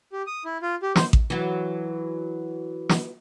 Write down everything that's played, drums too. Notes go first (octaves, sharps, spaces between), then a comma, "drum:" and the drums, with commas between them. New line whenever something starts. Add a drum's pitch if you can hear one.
G4
D#6
E4
F4
G4
C5, drum: snare
drum: kick A1
E3 F#3
drum: snare